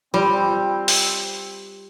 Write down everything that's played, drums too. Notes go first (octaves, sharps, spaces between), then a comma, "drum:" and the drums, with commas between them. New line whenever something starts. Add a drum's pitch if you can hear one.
G3 C4 F4 B5
drum: open hi-hat